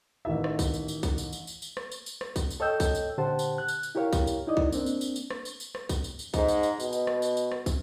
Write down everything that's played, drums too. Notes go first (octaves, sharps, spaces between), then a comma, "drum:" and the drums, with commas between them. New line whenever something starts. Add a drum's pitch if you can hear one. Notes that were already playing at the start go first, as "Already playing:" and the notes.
A1 D#3 E5
drum: rim click
drum: kick, tambourine
drum: tambourine
drum: tambourine
drum: kick, tambourine
drum: tambourine
drum: tambourine
drum: tambourine
drum: tambourine
drum: rim click
drum: tambourine
drum: tambourine
drum: rim click
drum: kick, tambourine
drum: tambourine
A4 C#5 D#5 G5 E6 G6
drum: kick, tambourine
drum: tambourine
A#2 D3 G4 C5 F#5 A5
drum: tambourine
F#6
drum: tambourine
drum: tambourine
E4 G4 A#4 C#5 F5
drum: kick, tambourine
drum: tambourine
D#4 E4 D5 D#5
drum: kick
A#3 C4 D4, drum: tambourine
drum: tambourine
drum: tambourine
drum: tambourine
drum: rim click
drum: tambourine
drum: tambourine
drum: rim click
drum: kick, tambourine
drum: tambourine
drum: tambourine
G#2, drum: kick, tambourine
drum: tambourine
drum: tambourine
B2, drum: tambourine
drum: tambourine
drum: rim click
drum: tambourine
drum: tambourine
drum: rim click
drum: kick, tambourine